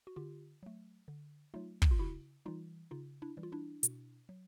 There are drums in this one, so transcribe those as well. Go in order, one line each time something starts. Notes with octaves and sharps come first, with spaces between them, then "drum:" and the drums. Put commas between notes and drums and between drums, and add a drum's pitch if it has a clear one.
F#4
D3 F4 G4
F#3 A3
D3
F#3 A3 D#4 F4
drum: kick
F4
C#3 E4 F#4
E3 G3 D#4 F4
C#3 D#4 F4
D4 E4
E3 G3
F4
D4 E4
B2, drum: hi-hat
F#3